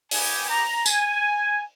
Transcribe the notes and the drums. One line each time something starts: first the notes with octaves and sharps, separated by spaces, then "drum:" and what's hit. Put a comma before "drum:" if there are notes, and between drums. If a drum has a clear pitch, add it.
B3 G4 G#5, drum: open hi-hat
A#5
G#5, drum: tambourine